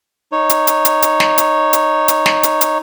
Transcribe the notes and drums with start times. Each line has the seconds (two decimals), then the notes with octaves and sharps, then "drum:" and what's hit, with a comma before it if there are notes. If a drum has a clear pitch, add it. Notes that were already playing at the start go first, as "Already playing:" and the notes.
0.32 D#4 C#5
0.50 drum: hi-hat
0.67 drum: hi-hat
0.85 drum: hi-hat
1.02 drum: hi-hat
1.20 drum: snare
1.38 drum: hi-hat
1.73 drum: hi-hat
2.08 drum: hi-hat
2.26 drum: snare
2.43 drum: hi-hat
2.61 drum: hi-hat